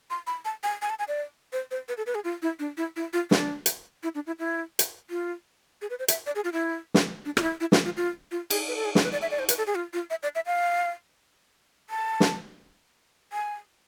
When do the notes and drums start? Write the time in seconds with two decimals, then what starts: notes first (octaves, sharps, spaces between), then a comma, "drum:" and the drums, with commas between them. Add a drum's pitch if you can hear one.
0.10 C6
0.27 B5
0.45 A5
0.63 G#5
0.82 G#5
0.90 A5
0.99 G#5
1.08 D5
1.53 C5
1.71 C5
1.89 B4
1.97 A4
2.06 B4
2.15 G#4
2.24 F4
2.42 E4
2.59 D4
2.77 E4
2.96 E4
3.13 F4
3.31 D4, drum: snare
3.66 drum: hi-hat
4.03 E4
4.15 D4
4.27 E4
4.39 E4
4.79 drum: hi-hat
5.10 F4
5.82 G#4
5.90 B4
5.99 C5
6.08 E5, drum: hi-hat
6.26 D5
6.35 G#4
6.44 F4
6.53 E4
6.94 drum: snare
7.25 D4
7.37 F4, drum: rim click
7.43 E4
7.60 E4
7.72 F4, drum: snare
7.85 F4
7.97 F4
8.31 F4
8.50 G#4, drum: cymbal
8.68 B4
8.77 A4
8.85 G#4
8.95 A4, drum: snare
9.03 B4
9.12 D5
9.22 E5
9.31 D5
9.39 C5
9.49 B4, drum: hi-hat
9.58 A4
9.67 G#4
9.75 F4
9.93 F4
10.10 E5
10.23 D5
10.35 E5
10.46 F5
11.90 A5
12.20 drum: snare
13.33 G#5